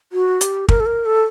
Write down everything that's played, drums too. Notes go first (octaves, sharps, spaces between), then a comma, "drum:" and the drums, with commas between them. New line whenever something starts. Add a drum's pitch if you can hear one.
F#4
G4, drum: hi-hat
A#4, drum: kick
A4
A#4
A4